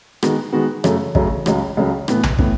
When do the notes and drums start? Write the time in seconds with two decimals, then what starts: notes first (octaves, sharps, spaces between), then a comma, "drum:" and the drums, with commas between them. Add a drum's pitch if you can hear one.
0.23 D#3 G#3 B3 F#4, drum: rim click
0.53 D#3 G#3 B3 F#4
0.84 F#2 C#3 F#3 A3, drum: rim click
1.15 F#2 C#3 F#3 A3, drum: kick
1.46 C#2 C#3 F#3, drum: rim click
1.77 C#2 C#3 F#3
2.08 A2 E3 B3, drum: rim click
2.23 drum: tom B1
2.39 A2 E3 B3, drum: kick